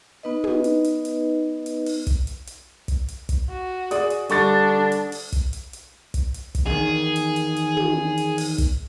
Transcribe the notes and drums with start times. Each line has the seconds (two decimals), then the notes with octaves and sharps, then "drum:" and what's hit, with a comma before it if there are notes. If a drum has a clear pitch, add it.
0.23 B3 D#4 B4 D#5
0.44 drum: tom
0.64 drum: hi-hat
0.84 drum: hi-hat
1.05 drum: hi-hat
1.66 drum: hi-hat
1.86 drum: open hi-hat
2.07 drum: kick, hi-hat
2.27 drum: hi-hat
2.47 drum: hi-hat
2.88 drum: kick, hi-hat
3.08 drum: hi-hat
3.29 drum: kick, hi-hat
3.50 F#4
3.91 G#4 D5 D#6, drum: hi-hat
4.10 drum: hi-hat
4.29 D3 G3 D4 C#6 A6, drum: hi-hat
4.92 drum: hi-hat
5.12 drum: open hi-hat
5.32 drum: kick, hi-hat
5.53 drum: hi-hat
5.73 drum: hi-hat
6.14 drum: kick, hi-hat
6.34 drum: hi-hat
6.55 drum: kick, hi-hat
6.67 E2 D#3 G#4
7.16 drum: hi-hat
7.36 drum: hi-hat
7.56 drum: hi-hat
7.77 drum: tom
8.18 drum: hi-hat
8.38 drum: open hi-hat
8.58 drum: kick, hi-hat